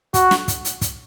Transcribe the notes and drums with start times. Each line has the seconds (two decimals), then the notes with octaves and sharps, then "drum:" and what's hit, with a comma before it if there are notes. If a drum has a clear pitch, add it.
0.14 F#4, drum: kick, hi-hat
0.31 drum: snare
0.48 drum: kick, hi-hat
0.65 drum: hi-hat
0.81 drum: kick, hi-hat